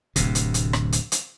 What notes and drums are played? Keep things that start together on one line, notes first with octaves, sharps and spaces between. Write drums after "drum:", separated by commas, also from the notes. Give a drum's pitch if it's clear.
D1 D2 C3, drum: hi-hat
drum: hi-hat
drum: hi-hat
drum: rim click
drum: hi-hat
drum: hi-hat